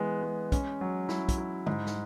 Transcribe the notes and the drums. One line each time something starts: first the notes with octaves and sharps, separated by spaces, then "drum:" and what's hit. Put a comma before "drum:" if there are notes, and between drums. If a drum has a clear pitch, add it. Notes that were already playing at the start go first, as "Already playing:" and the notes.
Already playing: E3 G#3 B3
G#3
C#4, drum: kick, hi-hat
F#3
E4, drum: snare
drum: kick, hi-hat
E4
G#2, drum: tom D3
drum: snare